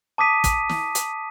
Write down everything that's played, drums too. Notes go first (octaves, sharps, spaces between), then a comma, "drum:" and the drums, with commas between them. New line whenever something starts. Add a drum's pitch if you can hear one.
A5 D6 D#6 B6 D#7
drum: kick, hi-hat
drum: snare
drum: hi-hat